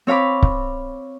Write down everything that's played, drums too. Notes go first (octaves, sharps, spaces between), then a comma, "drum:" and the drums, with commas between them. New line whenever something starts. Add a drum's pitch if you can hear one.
C4 C#5 F5 B5 D6
drum: kick C#1